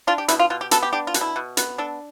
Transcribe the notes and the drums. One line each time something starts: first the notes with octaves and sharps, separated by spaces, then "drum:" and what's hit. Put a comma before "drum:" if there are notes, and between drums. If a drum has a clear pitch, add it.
D4 F4
G4
B2 E4, drum: hi-hat
F4
B2 F4
G4
B3 A4, drum: hi-hat
G4
D4 G4
F4
B2, drum: hi-hat
E4
B2
B3, drum: hi-hat
D4 A4